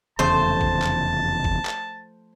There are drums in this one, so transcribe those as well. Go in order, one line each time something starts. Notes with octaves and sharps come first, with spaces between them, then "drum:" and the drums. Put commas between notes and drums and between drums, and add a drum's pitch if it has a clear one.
F1 E2 C#3 F3 A3 C5 A5
drum: kick G1
drum: clap
drum: kick G1
drum: clap